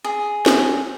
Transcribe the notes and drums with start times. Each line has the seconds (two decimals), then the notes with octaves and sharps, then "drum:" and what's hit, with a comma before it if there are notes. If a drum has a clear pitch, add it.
0.04 G#4
0.46 drum: snare